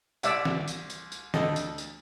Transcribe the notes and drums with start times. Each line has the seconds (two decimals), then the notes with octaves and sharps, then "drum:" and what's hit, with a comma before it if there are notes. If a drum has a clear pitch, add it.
0.23 C2 D5 E5 F#5 D6, drum: tambourine
0.45 drum: snare
0.68 drum: tambourine
0.90 drum: tambourine
1.12 drum: tambourine
1.34 D2 A4 D#5, drum: snare
1.56 drum: tambourine
1.78 drum: tambourine